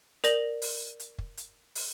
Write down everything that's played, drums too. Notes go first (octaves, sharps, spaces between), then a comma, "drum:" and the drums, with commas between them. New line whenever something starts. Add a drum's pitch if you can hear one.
A#4 D5 A#6 F#7, drum: hi-hat
drum: open hi-hat
drum: hi-hat
drum: kick
drum: hi-hat
drum: open hi-hat